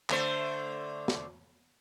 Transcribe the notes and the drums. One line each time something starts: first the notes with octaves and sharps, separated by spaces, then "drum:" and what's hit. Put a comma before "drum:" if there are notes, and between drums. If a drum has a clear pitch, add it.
D3 A3 C5, drum: clap
drum: snare